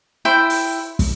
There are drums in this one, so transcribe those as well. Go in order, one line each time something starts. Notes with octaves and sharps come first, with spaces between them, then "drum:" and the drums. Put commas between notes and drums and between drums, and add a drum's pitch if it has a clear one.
E4 C5 G5
drum: open hi-hat
drum: kick, open hi-hat